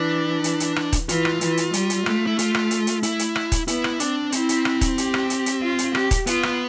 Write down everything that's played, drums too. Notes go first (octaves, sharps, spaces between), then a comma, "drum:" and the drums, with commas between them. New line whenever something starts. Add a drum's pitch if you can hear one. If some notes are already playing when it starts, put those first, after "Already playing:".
Already playing: E3 D4
drum: hi-hat
drum: hi-hat
drum: rim click
drum: kick D#1, hi-hat
E3 F4, drum: hi-hat
drum: rim click
E3, drum: hi-hat
drum: hi-hat
G3, drum: hi-hat
drum: hi-hat
A3, drum: rim click
E4
F4, drum: hi-hat
drum: rim click
drum: hi-hat
drum: hi-hat
E4, drum: hi-hat
drum: hi-hat
drum: rim click
drum: kick D#1, hi-hat
B3 E4, drum: hi-hat
drum: rim click
C4 D4, drum: hi-hat
C4 E4, drum: hi-hat
drum: hi-hat
drum: rim click
drum: kick D#1, hi-hat
G4, drum: hi-hat
drum: rim click
drum: hi-hat
drum: hi-hat
F4
drum: hi-hat
G4, drum: rim click
drum: kick D#1, hi-hat
B3 F4, drum: hi-hat
drum: rim click